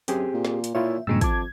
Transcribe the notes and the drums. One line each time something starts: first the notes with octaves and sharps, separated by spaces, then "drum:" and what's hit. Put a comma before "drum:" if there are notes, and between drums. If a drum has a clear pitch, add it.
F#2 C4 G4 G#4, drum: hi-hat
A#2
drum: snare
drum: hi-hat
A#2 E4 F4 C#5 E5
A#1 E2 G2 A#2 C#3 G#3 E6
F2 A5 D6 G#6, drum: kick, hi-hat